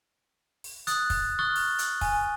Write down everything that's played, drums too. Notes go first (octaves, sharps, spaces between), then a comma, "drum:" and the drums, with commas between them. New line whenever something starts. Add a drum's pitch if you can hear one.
drum: open hi-hat
D#6 F#6 A6, drum: hi-hat
drum: kick, open hi-hat
C#6 D#6 F6 F#6 A6 G7
drum: open hi-hat
drum: hi-hat
G#5, drum: kick, open hi-hat